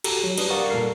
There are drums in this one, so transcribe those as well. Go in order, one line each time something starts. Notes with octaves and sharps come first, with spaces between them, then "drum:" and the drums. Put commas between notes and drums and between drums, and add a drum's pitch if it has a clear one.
F#4 G4 A4 A#5, drum: cymbal
F#3
G3 D4 G4 B4 D#6, drum: cymbal
A#4 D5 F5 F#5 A#5 C#6
A#2 G3 A4 A#4 C7